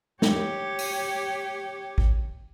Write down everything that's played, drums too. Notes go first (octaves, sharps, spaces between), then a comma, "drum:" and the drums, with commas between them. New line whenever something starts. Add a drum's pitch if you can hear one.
G4 C#5, drum: snare
drum: open hi-hat
drum: kick A1